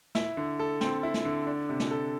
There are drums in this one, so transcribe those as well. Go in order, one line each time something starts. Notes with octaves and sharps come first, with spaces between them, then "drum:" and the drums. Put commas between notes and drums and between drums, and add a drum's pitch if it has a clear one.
E4, drum: snare
D3
A4
C4, drum: snare
E4
drum: snare
D3
D4
C3
drum: snare
A4